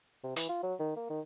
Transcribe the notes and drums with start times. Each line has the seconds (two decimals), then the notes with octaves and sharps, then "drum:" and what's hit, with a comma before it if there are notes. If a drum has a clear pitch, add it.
0.24 C3
0.36 E3, drum: hi-hat
0.49 F4
0.63 F#3
0.79 D#3
0.96 A#3
1.09 D#3